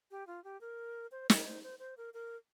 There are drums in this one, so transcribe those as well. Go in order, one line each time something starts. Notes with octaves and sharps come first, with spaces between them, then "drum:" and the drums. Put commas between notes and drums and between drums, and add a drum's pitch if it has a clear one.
G4
F4
G4
A#4
C5
A#4, drum: snare
C5
C5
C5
A#4
A#4